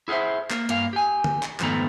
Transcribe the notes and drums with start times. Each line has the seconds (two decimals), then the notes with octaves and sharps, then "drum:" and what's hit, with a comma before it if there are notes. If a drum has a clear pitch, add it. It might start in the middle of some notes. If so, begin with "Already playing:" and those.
0.08 E4 G#4 A#4 C5 E5
0.50 A#3, drum: clap
0.69 G2 A#3 F5, drum: hi-hat
0.93 G4 G#5
1.24 drum: tom D3
1.43 drum: clap
1.60 F2 G#2 D#3 A3 B3 A#5, drum: clap